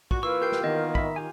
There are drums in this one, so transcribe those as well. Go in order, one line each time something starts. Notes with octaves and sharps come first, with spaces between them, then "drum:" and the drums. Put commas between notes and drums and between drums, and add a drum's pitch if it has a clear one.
A#2 F#4 C#6, drum: kick
E3 A#3 F4 B4 C#6 E6
G4 A#4 G5 G6 C7
drum: snare
D#3 B3 D#5
E5 B5, drum: kick
F4 G4 G#5